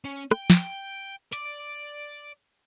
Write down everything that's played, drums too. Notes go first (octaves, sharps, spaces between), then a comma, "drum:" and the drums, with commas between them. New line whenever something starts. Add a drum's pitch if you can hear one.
C#4
G5, drum: rim click
drum: snare
D5, drum: hi-hat